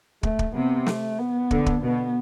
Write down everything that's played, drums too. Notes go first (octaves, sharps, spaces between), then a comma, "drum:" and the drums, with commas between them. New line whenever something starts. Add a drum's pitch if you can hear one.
A3, drum: kick
drum: kick
C3 B3
A3, drum: snare
B3
D3, drum: kick
drum: kick
B2 B3